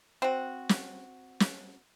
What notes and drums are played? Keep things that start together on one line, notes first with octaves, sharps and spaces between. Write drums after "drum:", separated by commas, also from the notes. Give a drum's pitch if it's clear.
C4 F#4
drum: snare
drum: snare